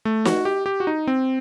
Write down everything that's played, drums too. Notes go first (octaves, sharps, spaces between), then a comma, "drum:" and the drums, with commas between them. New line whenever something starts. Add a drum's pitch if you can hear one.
A3
F#4, drum: snare
G4
G4
F#4
D#4
C4